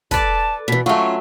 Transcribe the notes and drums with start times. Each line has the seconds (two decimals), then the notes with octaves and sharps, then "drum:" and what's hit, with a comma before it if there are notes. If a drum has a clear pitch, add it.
0.11 A4 B4 D5 A5, drum: kick, hi-hat
0.68 B2 E3 B6
0.86 F#3 A3 C#4 F4 C#6